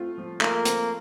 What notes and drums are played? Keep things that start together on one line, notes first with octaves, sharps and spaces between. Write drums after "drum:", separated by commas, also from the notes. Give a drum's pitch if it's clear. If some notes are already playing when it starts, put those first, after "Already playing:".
Already playing: A3 C4 F4
F3
A3 A#3, drum: clap
C4, drum: hi-hat